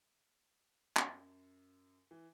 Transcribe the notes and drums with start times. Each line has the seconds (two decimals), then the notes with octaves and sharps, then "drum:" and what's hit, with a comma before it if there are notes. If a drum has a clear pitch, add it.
0.97 F#2, drum: clap
2.11 E3